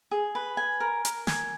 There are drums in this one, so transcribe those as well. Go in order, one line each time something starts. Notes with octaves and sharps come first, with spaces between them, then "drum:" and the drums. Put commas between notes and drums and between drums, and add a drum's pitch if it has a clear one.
G#4
B4
G#5
A#4
A#4, drum: hi-hat
G#5, drum: snare